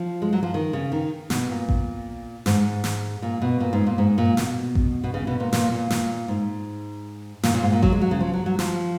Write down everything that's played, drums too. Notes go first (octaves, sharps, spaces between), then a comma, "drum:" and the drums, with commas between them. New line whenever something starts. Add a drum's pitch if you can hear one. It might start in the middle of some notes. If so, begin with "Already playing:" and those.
Already playing: F3
G#3
F#3
F3
D#3
C#3
D#3
B2, drum: snare
A#2
drum: kick A1
G#2, drum: snare
drum: snare
A#2
B2
A#2
G#2
A#2
G#2
A#2
B2, drum: snare
drum: kick A1
B2
C#3
B2
A#2
A#2, drum: snare
A#2
A#2, drum: snare
G#2
A#2, drum: snare
A#2
G#2
A#2
F#3, drum: kick A1
G#3
F#3
C#3
F3
F#3
F#3
F3, drum: snare